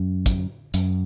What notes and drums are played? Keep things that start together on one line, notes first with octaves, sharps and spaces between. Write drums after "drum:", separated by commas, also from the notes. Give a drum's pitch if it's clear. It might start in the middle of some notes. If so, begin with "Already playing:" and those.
Already playing: F#2
drum: kick, hi-hat
F#2, drum: hi-hat